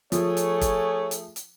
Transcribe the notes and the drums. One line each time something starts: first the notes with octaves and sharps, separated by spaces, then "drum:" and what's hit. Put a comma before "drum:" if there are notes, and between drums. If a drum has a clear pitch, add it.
F3 A3 G#4 C#5, drum: hi-hat
drum: hi-hat
drum: kick, hi-hat
drum: hi-hat
drum: hi-hat